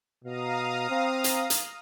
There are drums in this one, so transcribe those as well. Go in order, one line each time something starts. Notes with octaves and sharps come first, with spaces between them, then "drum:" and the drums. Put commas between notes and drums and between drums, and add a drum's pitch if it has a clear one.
B2 F5 A#5 D#6
C4
drum: hi-hat
drum: hi-hat